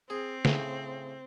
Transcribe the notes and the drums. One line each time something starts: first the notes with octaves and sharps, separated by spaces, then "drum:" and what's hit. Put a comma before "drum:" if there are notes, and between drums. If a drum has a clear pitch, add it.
C4 G#4
A2 C#3, drum: snare